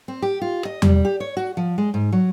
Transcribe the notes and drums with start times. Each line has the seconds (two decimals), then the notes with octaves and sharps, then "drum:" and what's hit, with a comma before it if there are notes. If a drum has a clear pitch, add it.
0.08 C4
0.22 G4
0.42 F4
0.65 D#5
0.82 G3, drum: tom E2
1.05 G4
1.20 C#5
1.37 F#4
1.57 F3
1.78 G#3
1.94 G#2
2.12 F#3